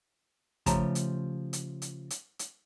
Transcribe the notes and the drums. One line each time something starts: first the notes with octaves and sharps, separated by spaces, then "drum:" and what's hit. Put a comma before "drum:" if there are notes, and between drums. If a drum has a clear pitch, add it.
C#3 F3 A3 G4 A5 A#5, drum: kick, hi-hat
drum: hi-hat
drum: hi-hat
drum: hi-hat
drum: hi-hat
drum: hi-hat